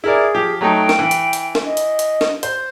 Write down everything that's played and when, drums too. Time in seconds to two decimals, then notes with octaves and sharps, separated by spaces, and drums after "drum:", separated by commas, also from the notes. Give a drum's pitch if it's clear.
0.04 E4 G#4 A#4 D5
0.35 F3 G4
0.61 F#3 A3 D#4 G5
0.89 drum: snare
0.99 E3
1.11 drum: hi-hat
1.33 drum: hi-hat
1.55 drum: snare
1.65 D#5
1.77 drum: hi-hat
1.99 drum: hi-hat
2.21 drum: snare
2.43 C5, drum: hi-hat